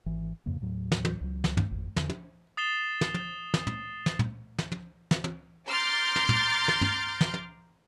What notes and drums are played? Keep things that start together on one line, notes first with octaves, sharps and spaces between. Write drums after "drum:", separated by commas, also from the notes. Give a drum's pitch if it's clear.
G#1 E3
F2 G#2 C#3 A#3
D#2 A2 F#3
drum: snare
drum: tom
C#2 F#3
drum: snare
drum: tom
G#1 F2
E2 D3, drum: snare
drum: tom
D#6 A6 C7 E7 G7
drum: snare
drum: tom
drum: snare
drum: tom
drum: snare
drum: tom
drum: snare
drum: tom
drum: snare
drum: tom
A#5 C6 D6 F6 G6 A6
drum: snare
drum: tom
drum: snare
drum: tom
drum: snare
drum: tom